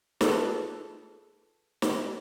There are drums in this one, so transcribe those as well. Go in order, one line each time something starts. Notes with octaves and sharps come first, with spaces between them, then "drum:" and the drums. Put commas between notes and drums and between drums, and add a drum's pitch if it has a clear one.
F4 G#4 A4 B4 A5, drum: snare
drum: snare